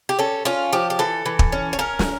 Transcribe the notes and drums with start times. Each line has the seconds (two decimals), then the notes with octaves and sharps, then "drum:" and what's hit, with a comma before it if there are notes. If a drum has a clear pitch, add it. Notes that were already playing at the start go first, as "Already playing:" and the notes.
0.09 G4
0.19 C#4 A4
0.45 C#4 F4
0.73 F3 G4
0.90 G4
0.99 E3 A4
1.26 E3
1.39 drum: kick
1.52 C#4
1.73 C#5
1.79 C#4 A#4
1.99 drum: snare